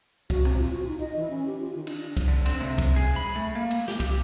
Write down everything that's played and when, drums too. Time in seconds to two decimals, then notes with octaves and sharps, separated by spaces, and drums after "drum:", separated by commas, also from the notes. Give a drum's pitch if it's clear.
0.30 F#4, drum: kick C2, cymbal
0.45 C4, drum: tom
0.58 F4
0.73 F#4
0.87 D#4
1.00 D#5
1.16 E3
1.30 C#4
1.46 G4
1.60 F4
1.75 D#3
1.87 D4, drum: cymbal
2.17 drum: kick C2, cymbal
2.28 D3
2.46 C4, drum: cymbal
2.60 C3, drum: tom
2.78 drum: kick C2, cymbal
2.96 G#4, drum: tom G3
3.16 B5
3.36 A3
3.55 A#3
3.71 drum: cymbal
3.88 G4, drum: snare
4.00 G4, drum: kick C2, cymbal